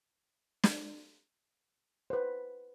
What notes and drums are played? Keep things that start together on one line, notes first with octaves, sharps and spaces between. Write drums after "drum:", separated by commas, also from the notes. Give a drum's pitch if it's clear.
drum: snare
B4 C5